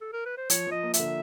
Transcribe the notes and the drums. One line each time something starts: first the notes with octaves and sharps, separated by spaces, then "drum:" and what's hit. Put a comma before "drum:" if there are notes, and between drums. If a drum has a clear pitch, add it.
A4
A#4
B4
C5
F3 C#5, drum: hi-hat
F3 D#5
A#3
E5, drum: hi-hat
D3